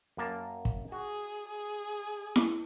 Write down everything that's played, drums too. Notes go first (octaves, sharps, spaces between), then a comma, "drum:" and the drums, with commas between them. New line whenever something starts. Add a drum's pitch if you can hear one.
F#2 A#3 A5
drum: kick
F#4 G#4
G#4
drum: snare E4